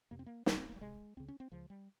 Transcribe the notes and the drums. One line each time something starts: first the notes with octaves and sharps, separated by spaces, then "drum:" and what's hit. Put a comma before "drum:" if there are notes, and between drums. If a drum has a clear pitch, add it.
F2 C3 A#3
C4
A#3
C2 C3 C#4, drum: snare
C4
A#3
G3
C2 C3 G#3
C#2 C#3 C4
C#4
C4
C#2 C#3 F3
G3